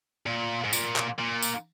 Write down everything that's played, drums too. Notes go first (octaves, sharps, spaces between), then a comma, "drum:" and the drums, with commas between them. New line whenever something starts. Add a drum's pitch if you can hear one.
A#2
G#2
A#2, drum: tambourine
drum: clap
A#2
drum: tambourine